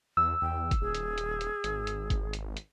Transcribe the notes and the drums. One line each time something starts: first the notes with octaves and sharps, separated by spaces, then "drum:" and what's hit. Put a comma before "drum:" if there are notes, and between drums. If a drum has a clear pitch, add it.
E2 E6
E2 G5
drum: kick G1, hi-hat
D#1 G#4
drum: hi-hat
drum: hi-hat
drum: hi-hat
G#1, drum: hi-hat
drum: hi-hat
drum: kick G1, hi-hat
drum: hi-hat
drum: hi-hat